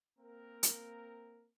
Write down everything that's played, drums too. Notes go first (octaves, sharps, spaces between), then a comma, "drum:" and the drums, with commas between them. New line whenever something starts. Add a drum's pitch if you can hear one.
A#3 C4 A#4
drum: hi-hat